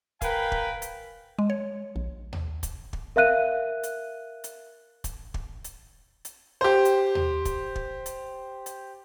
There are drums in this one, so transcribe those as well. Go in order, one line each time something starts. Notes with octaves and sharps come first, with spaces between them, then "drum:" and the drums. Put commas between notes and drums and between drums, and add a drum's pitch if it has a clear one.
A#4 B4 F5 G5 G#5 B5, drum: kick, hi-hat
drum: kick
drum: hi-hat
G#3
C#5
A#1
drum: tom D#2
drum: kick, hi-hat
drum: kick
A#4 E5 F5 F#6 D#7
drum: hi-hat
drum: hi-hat
drum: kick, hi-hat
drum: kick
drum: hi-hat
drum: hi-hat
G4 C5
drum: hi-hat
drum: tom D#2
drum: kick, hi-hat
drum: kick
drum: hi-hat
drum: hi-hat